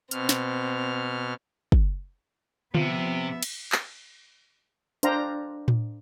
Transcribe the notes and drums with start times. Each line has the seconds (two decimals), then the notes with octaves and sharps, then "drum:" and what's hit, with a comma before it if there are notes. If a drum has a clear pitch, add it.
0.11 B2 C4 F6, drum: hi-hat
0.29 drum: snare
1.72 drum: kick
2.75 C3 F3 B3 E5, drum: tom D3
3.43 drum: cymbal
3.72 drum: clap
5.03 D4 C5 F5 G5 A#5, drum: hi-hat
5.68 drum: tom A2